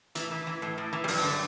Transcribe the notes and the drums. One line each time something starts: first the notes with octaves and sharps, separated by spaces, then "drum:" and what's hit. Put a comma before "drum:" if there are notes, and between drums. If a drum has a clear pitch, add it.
A2 E3, drum: hi-hat
E3
E3
A2
A2
E3
G3
G2 F#3, drum: open hi-hat
D3